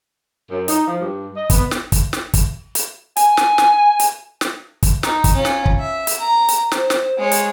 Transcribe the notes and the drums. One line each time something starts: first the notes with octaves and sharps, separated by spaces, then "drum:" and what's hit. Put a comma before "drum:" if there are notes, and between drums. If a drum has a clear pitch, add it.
F#2
D#4, drum: hi-hat
F3
G2
D#5
B3, drum: kick, hi-hat
drum: snare
drum: kick, hi-hat
drum: snare
drum: kick, hi-hat
drum: hi-hat
G#5, drum: hi-hat
drum: snare
drum: snare
drum: hi-hat
drum: snare
drum: kick, hi-hat
D#4, drum: snare
drum: kick, hi-hat
C#4 F4
drum: snare
drum: kick
E5
drum: hi-hat
A#5
drum: hi-hat
C5, drum: snare
drum: snare
G#3 C#5
drum: hi-hat